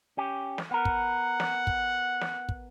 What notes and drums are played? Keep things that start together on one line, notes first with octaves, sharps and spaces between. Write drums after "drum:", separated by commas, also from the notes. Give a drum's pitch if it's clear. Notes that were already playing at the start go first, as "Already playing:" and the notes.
C#4 G4
drum: snare
B3 A#4 F#5
drum: kick
drum: snare
drum: kick
drum: snare
drum: kick